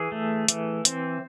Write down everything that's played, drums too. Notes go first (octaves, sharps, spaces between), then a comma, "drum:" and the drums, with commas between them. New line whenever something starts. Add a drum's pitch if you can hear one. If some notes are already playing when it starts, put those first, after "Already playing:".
Already playing: E3 G#4
A3
E3, drum: hi-hat
C4, drum: hi-hat